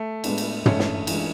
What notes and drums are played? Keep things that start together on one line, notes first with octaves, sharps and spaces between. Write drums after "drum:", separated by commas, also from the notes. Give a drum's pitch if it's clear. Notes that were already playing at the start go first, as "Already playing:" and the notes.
Already playing: A3
A2 G#3 B3 D4, drum: cymbal
drum: cymbal
E3 G#3 A3 C#4 D4, drum: tom
drum: snare
E3 G#3 D4, drum: cymbal